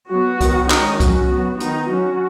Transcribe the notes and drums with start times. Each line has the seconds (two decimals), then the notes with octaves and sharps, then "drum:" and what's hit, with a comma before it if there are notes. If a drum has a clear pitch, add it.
0.10 F#3 B3 F#4
0.41 D#3 F#3 B3, drum: kick C2, hi-hat
0.70 D#3 G#3 C#4 D#4, drum: clap
1.00 F#3 C#4 F#4, drum: kick C2, hi-hat
1.31 F#3 B3
1.60 D#3 B3 D#4, drum: hi-hat
1.90 F#3 C#4 F#4